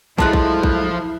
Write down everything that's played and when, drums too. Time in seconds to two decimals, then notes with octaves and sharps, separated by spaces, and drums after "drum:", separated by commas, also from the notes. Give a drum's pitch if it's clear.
0.18 F3 F#3 G#3 A3 E4 A5 F#6, drum: kick
0.33 drum: kick
0.63 drum: kick